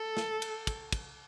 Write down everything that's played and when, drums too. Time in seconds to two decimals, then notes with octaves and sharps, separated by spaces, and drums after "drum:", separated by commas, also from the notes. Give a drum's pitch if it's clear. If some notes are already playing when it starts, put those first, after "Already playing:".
Already playing: A4
0.17 drum: snare
0.42 drum: cymbal
0.67 drum: kick, cymbal
0.92 drum: kick, cymbal